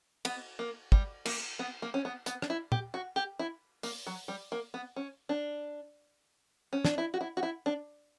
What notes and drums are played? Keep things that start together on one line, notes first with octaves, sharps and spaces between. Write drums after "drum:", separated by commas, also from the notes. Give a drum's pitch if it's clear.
B3, drum: cymbal
A#3
G3, drum: kick
A#3, drum: cymbal
B3
A#3
C#4
B3
B3, drum: hi-hat
D4, drum: rim click
E4
G4, drum: tom
F#4
G4
E4
A#3, drum: open hi-hat
F#3
G3
A#3
B3
C#4
D4
C#4
D4, drum: snare
E4
F#4
E4
F#4
E4
D4